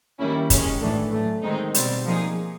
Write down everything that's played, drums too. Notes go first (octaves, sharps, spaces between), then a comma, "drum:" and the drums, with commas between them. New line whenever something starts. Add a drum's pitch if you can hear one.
D#3 G3 A#3 C#4 E4
D#3 G#3 C#4, drum: kick, hi-hat
A2 E3 A3 D4
A2 F#3 A3
D#3 G#3 C4 D#4
B2 G3 C4, drum: hi-hat
F3 A#3 D#4 G#4